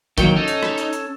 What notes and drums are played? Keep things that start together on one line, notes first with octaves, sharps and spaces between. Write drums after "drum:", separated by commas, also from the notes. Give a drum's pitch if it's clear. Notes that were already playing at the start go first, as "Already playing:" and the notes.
D#3 F#3 A#3 G5, drum: kick, hi-hat
C#4 D#4 A4
drum: hi-hat
drum: rim click
drum: hi-hat
drum: hi-hat